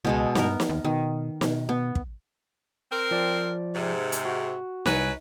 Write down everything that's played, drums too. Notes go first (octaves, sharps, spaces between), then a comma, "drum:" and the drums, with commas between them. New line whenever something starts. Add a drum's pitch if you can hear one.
C#2 B2 G#3 A4
G2 B3 A#4, drum: snare
drum: snare
D#2
B2 D#3
B2, drum: snare
B2 B3
drum: kick
C4 A#4
F3 D5
G#2 C3
drum: hi-hat
F#4
C2 F#3 B4 G#5, drum: snare